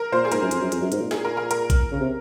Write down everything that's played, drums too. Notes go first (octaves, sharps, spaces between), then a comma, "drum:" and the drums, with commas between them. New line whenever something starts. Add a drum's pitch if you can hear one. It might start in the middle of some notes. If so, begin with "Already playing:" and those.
Already playing: A#4
A#2 C5
G#4
G#2 A#4, drum: hi-hat
F#2
F2, drum: hi-hat
F#2
F2, drum: hi-hat
F#2
G#2, drum: hi-hat
A#2
G#4, drum: snare
A#4
A#4
A#4, drum: hi-hat
drum: kick A#1, hi-hat
C#3
C3